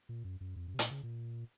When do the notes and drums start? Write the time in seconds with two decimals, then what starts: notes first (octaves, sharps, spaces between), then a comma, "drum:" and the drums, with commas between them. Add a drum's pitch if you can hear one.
0.09 A#2
0.24 F#2
0.41 F#2
0.56 F2
0.68 F#2
0.74 C3
0.79 A#2, drum: hi-hat
0.91 C#3
1.03 A#2